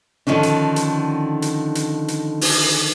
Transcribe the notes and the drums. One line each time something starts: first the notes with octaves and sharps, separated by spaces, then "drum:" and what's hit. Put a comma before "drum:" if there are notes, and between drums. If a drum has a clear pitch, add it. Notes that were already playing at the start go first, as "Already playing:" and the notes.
D3 D#3 F3 C#4 D4
drum: hi-hat
drum: hi-hat
drum: hi-hat
drum: hi-hat
drum: hi-hat
drum: open hi-hat
drum: hi-hat